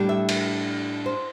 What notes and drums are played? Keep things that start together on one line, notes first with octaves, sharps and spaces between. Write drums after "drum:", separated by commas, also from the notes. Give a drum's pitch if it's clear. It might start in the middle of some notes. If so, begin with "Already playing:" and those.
Already playing: A2 G3 D4
E5
drum: cymbal
C5